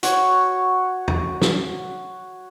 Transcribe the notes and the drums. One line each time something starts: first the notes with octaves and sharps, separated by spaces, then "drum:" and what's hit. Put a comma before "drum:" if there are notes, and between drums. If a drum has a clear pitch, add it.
F#4 C#5, drum: hi-hat
drum: tom
drum: snare